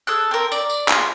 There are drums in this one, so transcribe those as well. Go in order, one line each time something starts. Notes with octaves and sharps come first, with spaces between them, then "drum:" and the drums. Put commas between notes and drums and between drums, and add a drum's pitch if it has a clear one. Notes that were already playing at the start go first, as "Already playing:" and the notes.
G#4 A4 F#6
C4 A#4
D5, drum: tambourine
drum: tambourine
F4 G#4, drum: clap